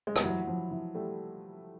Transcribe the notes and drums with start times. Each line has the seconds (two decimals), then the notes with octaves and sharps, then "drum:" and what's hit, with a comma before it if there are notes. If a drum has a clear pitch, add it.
0.07 G#3
0.16 G3, drum: rim click
0.23 E3 F#3
0.41 F#3
0.47 F3
0.71 E3
0.95 G3 A3